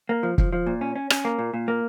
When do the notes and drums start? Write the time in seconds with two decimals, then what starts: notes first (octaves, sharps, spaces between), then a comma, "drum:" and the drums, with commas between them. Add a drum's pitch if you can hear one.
0.09 A#3
0.23 F3
0.38 F3, drum: kick
0.53 F3
0.67 A#2
0.81 C#4
0.96 C#4
1.10 C#4, drum: rim click
1.25 A#3
1.39 A#2
1.54 A#2
1.68 A#3